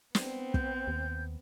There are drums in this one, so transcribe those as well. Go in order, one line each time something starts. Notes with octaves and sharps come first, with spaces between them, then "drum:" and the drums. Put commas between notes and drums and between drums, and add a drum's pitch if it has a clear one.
B3 C4, drum: snare
G6, drum: kick
D#2